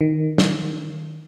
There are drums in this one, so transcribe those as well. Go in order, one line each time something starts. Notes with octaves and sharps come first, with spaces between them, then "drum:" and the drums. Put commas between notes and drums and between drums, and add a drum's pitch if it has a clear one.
D#3
drum: snare